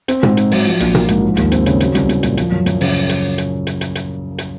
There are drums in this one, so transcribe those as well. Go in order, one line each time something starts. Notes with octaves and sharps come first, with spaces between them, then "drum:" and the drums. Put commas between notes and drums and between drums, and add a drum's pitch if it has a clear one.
C4, drum: hi-hat
G#2, drum: tom A#2
D#4, drum: hi-hat
F#3, drum: open hi-hat
F3
A#1, drum: hi-hat
A#3, drum: tom A#2
G#2, drum: hi-hat
F3
D#2, drum: hi-hat
C4, drum: hi-hat
C#3, drum: hi-hat
F#3, drum: hi-hat
C2, drum: hi-hat
C2, drum: hi-hat
A#2, drum: hi-hat
F3, drum: hi-hat
F#2
F#2, drum: hi-hat
C#3, drum: open hi-hat
drum: hi-hat
drum: hi-hat
drum: hi-hat
drum: hi-hat
drum: hi-hat
drum: hi-hat